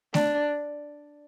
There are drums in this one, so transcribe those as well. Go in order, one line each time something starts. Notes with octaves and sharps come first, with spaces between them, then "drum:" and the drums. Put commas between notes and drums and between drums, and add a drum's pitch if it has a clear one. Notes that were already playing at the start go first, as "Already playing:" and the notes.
D4, drum: snare A3